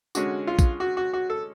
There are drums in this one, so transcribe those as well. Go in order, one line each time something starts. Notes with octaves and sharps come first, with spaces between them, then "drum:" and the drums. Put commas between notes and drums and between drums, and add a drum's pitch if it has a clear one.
D3 G#3 C#4 F#4, drum: tambourine
F4
drum: kick A#1, tambourine
F#4
F#4
F#4
A4